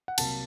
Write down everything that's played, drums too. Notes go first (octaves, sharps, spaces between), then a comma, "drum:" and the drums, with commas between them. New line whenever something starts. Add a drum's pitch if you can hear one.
F#5
C2 C3 F#3 A#3 A5, drum: cymbal